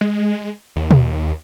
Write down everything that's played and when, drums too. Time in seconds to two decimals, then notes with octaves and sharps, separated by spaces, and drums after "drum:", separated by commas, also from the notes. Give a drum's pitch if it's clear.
0.01 G#3
0.76 D#2
0.91 drum: tom